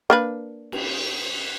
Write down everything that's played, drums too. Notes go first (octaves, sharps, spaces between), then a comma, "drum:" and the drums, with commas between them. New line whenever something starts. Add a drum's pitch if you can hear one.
A#3 D4 B4
drum: cymbal